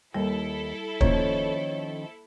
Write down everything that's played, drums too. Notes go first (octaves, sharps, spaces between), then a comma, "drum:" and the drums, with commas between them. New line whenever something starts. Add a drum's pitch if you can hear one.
D#2 G3 E4 A4
D#3 F3 A#3 C#4 C#5, drum: kick